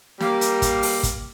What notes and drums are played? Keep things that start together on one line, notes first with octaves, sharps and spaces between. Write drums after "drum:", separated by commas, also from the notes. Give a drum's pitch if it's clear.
G3 A#3, drum: snare
drum: hi-hat
drum: kick, hi-hat
drum: open hi-hat
drum: kick, hi-hat